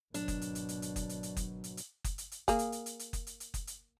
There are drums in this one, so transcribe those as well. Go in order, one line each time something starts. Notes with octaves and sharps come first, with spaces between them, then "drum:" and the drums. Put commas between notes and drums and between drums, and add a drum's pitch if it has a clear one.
G#1 B2 F#3 D4, drum: hi-hat
drum: kick F#1, hi-hat
drum: hi-hat
drum: hi-hat
drum: hi-hat
drum: hi-hat
drum: kick F#1, hi-hat
drum: hi-hat
drum: hi-hat
drum: kick F#1, hi-hat
drum: hi-hat
drum: hi-hat
drum: kick F#1, hi-hat
drum: hi-hat
drum: hi-hat
A#3 G#4, drum: kick F#1, hi-hat
drum: hi-hat
drum: hi-hat
drum: hi-hat
drum: hi-hat
drum: kick F#1, hi-hat
drum: hi-hat
drum: hi-hat
drum: kick F#1, hi-hat
drum: hi-hat